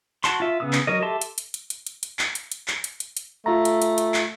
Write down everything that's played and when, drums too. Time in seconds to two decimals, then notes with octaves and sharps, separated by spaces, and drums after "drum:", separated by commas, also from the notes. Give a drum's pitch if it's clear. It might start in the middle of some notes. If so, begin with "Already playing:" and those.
0.24 F#4 A5 C6, drum: clap
0.40 F4 E5
0.60 C#3 B3 D#6 E6
0.73 drum: clap
0.87 F#3 A#4 D#5
1.02 G4 A4 E5 A5 C6
1.21 drum: hi-hat
1.38 drum: hi-hat
1.54 drum: hi-hat
1.70 drum: hi-hat
1.87 drum: hi-hat
2.03 drum: hi-hat
2.19 drum: clap
2.35 drum: hi-hat
2.52 drum: hi-hat
2.68 drum: clap
2.84 drum: hi-hat
3.00 drum: hi-hat
3.17 drum: hi-hat
3.46 A3 F4 A#5
3.65 drum: hi-hat
3.82 drum: hi-hat
3.98 drum: hi-hat
4.14 drum: clap